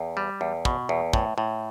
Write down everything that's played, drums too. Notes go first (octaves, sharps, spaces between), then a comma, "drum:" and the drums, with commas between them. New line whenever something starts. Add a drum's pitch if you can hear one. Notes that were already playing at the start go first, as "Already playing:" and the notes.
Already playing: E2
G3
E2
B2, drum: kick
E2
A2, drum: kick
A2